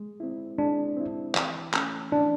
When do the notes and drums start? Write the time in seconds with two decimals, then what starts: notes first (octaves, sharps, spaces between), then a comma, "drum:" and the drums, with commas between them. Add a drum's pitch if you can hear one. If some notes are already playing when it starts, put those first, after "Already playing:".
Already playing: G#3
0.20 C4 E4
0.58 G#3 D4
0.97 C4 E4
1.35 E3, drum: clap
1.74 A3 C#4, drum: clap
2.12 E3 D4